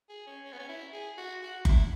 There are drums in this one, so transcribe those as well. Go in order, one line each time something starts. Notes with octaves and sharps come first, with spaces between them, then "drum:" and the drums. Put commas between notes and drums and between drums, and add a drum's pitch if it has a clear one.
G#4
C#4
C#4
B3
C#4
E4
G#4
F#4
F#4
E4, drum: kick F#1